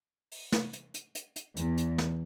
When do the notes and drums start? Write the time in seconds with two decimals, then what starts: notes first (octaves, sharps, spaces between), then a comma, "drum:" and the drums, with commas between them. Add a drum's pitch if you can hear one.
0.32 drum: open hi-hat
0.52 drum: snare
0.73 drum: hi-hat
0.94 drum: hi-hat
1.15 drum: hi-hat
1.36 drum: hi-hat
1.57 E2, drum: hi-hat
1.78 drum: hi-hat
1.98 drum: snare